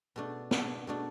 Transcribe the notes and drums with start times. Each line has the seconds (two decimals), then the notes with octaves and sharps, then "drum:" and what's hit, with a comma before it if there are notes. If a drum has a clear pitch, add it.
0.16 B2 A3 D4
0.51 B2 A3 D4, drum: snare
0.87 B2 A3 D4